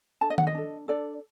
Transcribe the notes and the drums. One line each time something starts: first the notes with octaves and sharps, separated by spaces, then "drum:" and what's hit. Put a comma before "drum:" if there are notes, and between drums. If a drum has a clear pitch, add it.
D4 A4 A5
D#5
F#5, drum: tom D#3
D#5
D4 A4
D4 A4 D5